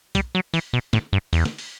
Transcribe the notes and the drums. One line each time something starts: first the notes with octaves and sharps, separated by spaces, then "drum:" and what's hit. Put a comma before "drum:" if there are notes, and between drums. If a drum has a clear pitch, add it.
G3, drum: kick, hi-hat
F#3
E3, drum: open hi-hat
B2
A2, drum: snare
G2
E2, drum: open hi-hat
drum: snare
drum: open hi-hat